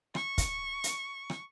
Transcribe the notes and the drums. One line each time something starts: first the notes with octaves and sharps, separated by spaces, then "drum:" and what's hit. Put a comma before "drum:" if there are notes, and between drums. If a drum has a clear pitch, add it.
C#6, drum: rim click
drum: kick, hi-hat
drum: hi-hat
drum: rim click